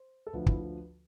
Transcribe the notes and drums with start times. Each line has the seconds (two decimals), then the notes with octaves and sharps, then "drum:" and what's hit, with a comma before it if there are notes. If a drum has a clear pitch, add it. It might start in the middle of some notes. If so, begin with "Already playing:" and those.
Already playing: C5
0.27 A4
0.33 D2 D3 F3 B4
0.46 E4, drum: kick